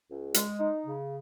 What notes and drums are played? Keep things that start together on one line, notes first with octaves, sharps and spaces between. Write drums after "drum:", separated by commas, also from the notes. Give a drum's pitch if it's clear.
C#2
G#3, drum: hi-hat
D#4
C#3